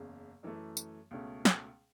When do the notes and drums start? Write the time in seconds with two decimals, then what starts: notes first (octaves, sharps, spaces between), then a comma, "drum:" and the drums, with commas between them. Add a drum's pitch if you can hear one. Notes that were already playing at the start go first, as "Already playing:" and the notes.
Already playing: F#1 E2 C#3
0.43 F#2 E3 A3
0.77 drum: tambourine
1.11 C#2 B2 A3 C#4
1.45 drum: snare